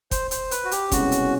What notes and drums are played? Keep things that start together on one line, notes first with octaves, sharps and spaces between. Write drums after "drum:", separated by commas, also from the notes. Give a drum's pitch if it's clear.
C5, drum: kick, hi-hat
C5, drum: hi-hat
B4, drum: hi-hat
F#4
G4, drum: hi-hat
C2 B2 G#3 C#4 F#4, drum: kick, hi-hat
drum: hi-hat